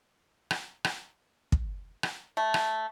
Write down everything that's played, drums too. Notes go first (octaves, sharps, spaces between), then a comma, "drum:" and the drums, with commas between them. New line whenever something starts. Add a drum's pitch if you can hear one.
drum: rim click
drum: rim click
drum: kick
drum: rim click
A3
drum: rim click